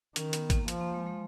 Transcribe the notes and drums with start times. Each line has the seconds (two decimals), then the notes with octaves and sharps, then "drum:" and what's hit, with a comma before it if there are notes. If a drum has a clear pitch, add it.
0.16 D#3 C#4, drum: hi-hat
0.33 B3, drum: hi-hat
0.50 A#3, drum: kick, hi-hat
0.68 F3, drum: hi-hat
0.81 A#3
0.94 G#3
1.07 G#3